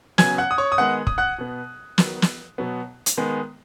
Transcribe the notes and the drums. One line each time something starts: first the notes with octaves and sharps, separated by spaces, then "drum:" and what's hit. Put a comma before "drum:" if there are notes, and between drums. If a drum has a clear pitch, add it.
C#3 F#3 B3 G#5 G#6, drum: snare
F#5 F#6
D#6
C#5 C#6
D#6
D#3 G#3 B3 F#5 F#6
D#6, drum: kick
F#5 F#6
B2 B3
D#3 F#3 B3, drum: snare
drum: snare
B2 F#3 B3
drum: hi-hat
D#3 G#3 B3